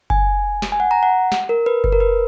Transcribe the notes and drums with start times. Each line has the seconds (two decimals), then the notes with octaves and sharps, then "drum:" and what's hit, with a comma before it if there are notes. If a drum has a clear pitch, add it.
0.10 G#5, drum: kick F#1
0.62 drum: snare
0.72 G#5
0.80 F#5
0.91 A#5
1.03 F#5
1.32 drum: snare
1.49 A#4
1.66 B4
1.84 B4, drum: kick F#1
1.92 A#4
2.00 B4